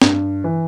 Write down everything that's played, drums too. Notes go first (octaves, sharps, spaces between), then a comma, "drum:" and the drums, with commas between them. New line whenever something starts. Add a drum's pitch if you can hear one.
G2, drum: snare
E3